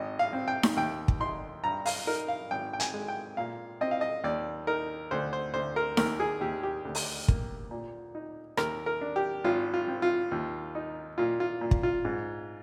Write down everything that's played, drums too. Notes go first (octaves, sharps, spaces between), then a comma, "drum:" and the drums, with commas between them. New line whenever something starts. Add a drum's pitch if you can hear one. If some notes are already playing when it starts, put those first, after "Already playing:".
Already playing: G#1 D#5
F5
C4
G5
drum: snare D#4
D#2 G5
drum: kick
D#4 C6
G2 A#5
F5, drum: open hi-hat
D#4 A#4
F5
G#1 G5
G5
G#5, drum: hi-hat
G#3
G5
A#2 F5
C4 D#5
F5
D#5
D#2 D5
D#4 A#4
D2 C5
C5
D2 C5
A#4
D#2 A#4, drum: snare D#4
G#4
D#2 G4
G4
D2
drum: open hi-hat
A#3, drum: kick
A#2
D#4
D#2 A#4, drum: rim click
A#4
D4
G4
G#1 F4
F4
C4
F4
D#2
D#4
A#2 F4
F4
A#2
drum: kick
F4
G#2